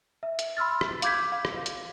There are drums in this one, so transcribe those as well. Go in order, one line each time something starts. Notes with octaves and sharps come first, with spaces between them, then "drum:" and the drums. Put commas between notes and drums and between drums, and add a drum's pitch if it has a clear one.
E5
drum: hi-hat
B5 C6 E6 F6 A6
drum: rim click
F5 D6 G6 G#6 B6, drum: hi-hat
F5
drum: rim click
drum: hi-hat